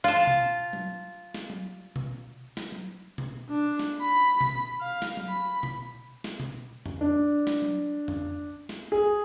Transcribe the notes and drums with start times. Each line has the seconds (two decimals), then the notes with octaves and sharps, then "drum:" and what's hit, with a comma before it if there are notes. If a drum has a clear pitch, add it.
0.04 F4 A5
0.27 drum: tom B2
0.73 drum: tom F#3
1.34 drum: snare
1.50 drum: tom F#3
1.96 drum: tom B2
2.57 drum: snare
2.72 drum: tom F#3
3.18 drum: tom B2
3.49 D4
3.79 drum: snare
4.01 B5
4.41 drum: tom B2
4.82 F5
5.02 drum: snare
5.17 drum: tom F#3
5.29 B5
5.63 drum: tom B2
6.24 drum: snare
6.40 drum: tom B2
6.86 drum: tom F2
7.01 D4
7.47 drum: snare
7.62 drum: tom F#3
8.08 drum: tom F2
8.69 drum: snare
8.92 G#4